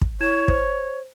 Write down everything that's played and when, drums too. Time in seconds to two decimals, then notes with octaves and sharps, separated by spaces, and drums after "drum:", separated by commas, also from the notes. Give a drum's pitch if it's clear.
0.01 drum: kick
0.20 E4 C#5 G#6 E7
0.48 C5, drum: kick